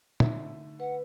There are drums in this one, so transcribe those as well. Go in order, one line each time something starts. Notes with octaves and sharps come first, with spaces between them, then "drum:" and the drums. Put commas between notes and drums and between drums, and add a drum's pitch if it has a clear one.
D3 A3 D#4 E4, drum: tom
B4 F#5